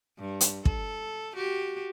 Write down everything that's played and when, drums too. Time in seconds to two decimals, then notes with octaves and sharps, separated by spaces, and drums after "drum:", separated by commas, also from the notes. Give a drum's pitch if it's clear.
0.18 G2
0.41 drum: hi-hat
0.65 A4, drum: kick
1.34 F#4 G4